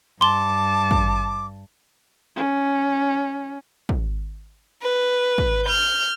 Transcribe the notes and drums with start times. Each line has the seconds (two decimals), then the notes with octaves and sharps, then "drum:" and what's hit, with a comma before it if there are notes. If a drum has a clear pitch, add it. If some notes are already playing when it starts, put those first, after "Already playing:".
0.21 G2 A5 C6 D6 G7
0.91 drum: kick
2.36 C#4
3.89 drum: kick
4.82 B4
5.38 drum: kick
5.65 F6 G6